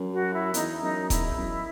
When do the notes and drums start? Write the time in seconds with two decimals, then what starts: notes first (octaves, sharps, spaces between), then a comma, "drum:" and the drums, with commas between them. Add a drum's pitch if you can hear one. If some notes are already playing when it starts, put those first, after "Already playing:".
Already playing: F#2
0.13 F#4
0.34 E4
0.54 E2 D#4, drum: hi-hat
0.82 F#2 D#4
1.10 E2 E4, drum: kick D#1, hi-hat
1.38 F#2